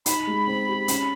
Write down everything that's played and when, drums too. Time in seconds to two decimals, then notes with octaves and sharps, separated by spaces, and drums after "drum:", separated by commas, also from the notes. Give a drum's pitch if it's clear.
0.06 D#4 B5, drum: hi-hat
0.27 G#3
0.47 C4
0.68 G4
0.88 C#4, drum: hi-hat